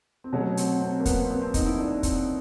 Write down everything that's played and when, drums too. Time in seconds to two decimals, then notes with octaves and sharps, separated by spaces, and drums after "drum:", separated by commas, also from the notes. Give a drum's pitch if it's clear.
0.24 C4
0.33 B2 F#3 A3 C#4
0.57 C4, drum: hi-hat
0.81 C4
1.00 A#3
1.05 B3, drum: kick, hi-hat
1.25 C4
1.30 B3
1.42 C4
1.54 D#4, drum: kick, hi-hat
1.66 E4
1.79 D4
2.03 C4, drum: kick, hi-hat